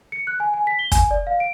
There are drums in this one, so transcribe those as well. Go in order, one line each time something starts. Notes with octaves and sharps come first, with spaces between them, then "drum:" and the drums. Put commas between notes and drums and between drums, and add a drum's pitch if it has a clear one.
C#7
F#6
G#5
G#5
B6
G7
G#5, drum: kick, hi-hat
D5
F5
D7